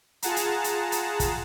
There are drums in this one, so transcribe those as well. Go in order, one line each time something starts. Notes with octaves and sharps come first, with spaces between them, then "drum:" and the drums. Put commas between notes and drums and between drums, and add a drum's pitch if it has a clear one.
F4 G#4 F#5 A5 A#5, drum: hi-hat
drum: hi-hat
drum: hi-hat
drum: hi-hat
drum: kick, hi-hat